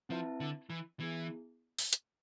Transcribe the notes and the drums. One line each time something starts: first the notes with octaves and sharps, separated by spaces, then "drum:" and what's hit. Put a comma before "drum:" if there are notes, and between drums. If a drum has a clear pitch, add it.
F3 C4 E4 B4 E5 A5
D3
E3
E3 B3 E4 G#4
drum: open hi-hat
drum: hi-hat